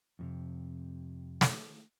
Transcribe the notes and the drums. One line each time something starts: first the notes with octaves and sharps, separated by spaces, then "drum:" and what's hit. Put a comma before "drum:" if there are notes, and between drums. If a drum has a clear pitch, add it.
F2 A2 C3
drum: snare